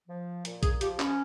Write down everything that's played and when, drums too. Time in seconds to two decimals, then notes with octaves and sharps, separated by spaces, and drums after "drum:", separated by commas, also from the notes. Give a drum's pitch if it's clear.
0.09 F3
0.45 A#2, drum: hi-hat
0.63 G#4, drum: kick A#1, hi-hat
0.81 F3 G4, drum: hi-hat
1.00 C#4, drum: clap